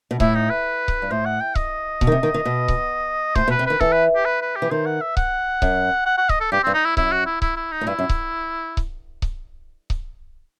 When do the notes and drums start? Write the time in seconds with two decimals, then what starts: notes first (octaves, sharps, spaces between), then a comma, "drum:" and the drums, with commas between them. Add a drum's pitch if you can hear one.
0.11 B2
0.20 A2 E4, drum: kick C#1
0.35 D#4
0.50 B4
0.88 drum: kick C#1
1.02 G2
1.11 A2 C5
1.25 F#5
1.41 G5
1.55 D#5, drum: kick C#1
2.01 B2, drum: kick C#1
2.07 D#3
2.12 C3
2.23 D#3
2.34 D#3
2.45 B2
2.68 drum: kick C#1
3.35 A2 C5, drum: kick C#1
3.48 B2
3.51 B4
3.59 C3
3.66 D#3 B4
3.81 E3 A4, drum: kick C#1
3.93 B4
4.15 G4
4.26 B4
4.42 B4
4.56 G4
4.62 E3
4.71 D#3 C5
4.86 F#5
5.01 E5
5.17 F#5, drum: kick C#1
5.62 F#2, drum: kick C#1
6.06 F#5
6.18 F#5
6.29 D#5, drum: kick C#1
6.40 A4
6.52 G2 G4
6.63 G2 C4
6.74 D#4
6.85 E4
6.97 F#2 E4, drum: kick C#1
7.12 F#4
7.26 E4
7.42 E4, drum: kick C#1
7.56 E4
7.72 D#4
7.81 A2
7.87 G2 E4
7.99 F#2
8.09 drum: kick C#1
8.77 drum: kick C#1
9.22 drum: kick C#1
9.90 drum: kick C#1